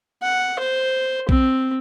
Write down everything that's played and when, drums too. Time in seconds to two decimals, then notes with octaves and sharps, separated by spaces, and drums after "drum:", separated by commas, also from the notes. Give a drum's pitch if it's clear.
0.22 F#5
0.59 C5
1.29 C4, drum: kick